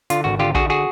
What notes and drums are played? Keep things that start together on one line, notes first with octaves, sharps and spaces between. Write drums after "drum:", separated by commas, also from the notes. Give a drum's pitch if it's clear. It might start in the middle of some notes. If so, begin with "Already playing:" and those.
D3 F4, drum: hi-hat
G#1 F#4
D3 F4 G4
D3 F#4 G#4, drum: kick
F#4 G#4